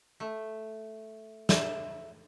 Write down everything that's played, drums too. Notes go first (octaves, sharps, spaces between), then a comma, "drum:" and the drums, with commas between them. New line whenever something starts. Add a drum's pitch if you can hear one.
A3
E5, drum: snare